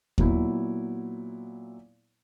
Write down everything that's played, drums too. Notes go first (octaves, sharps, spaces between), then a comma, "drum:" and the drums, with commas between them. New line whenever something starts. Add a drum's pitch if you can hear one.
A#2 F#3 B3 E4, drum: kick D#2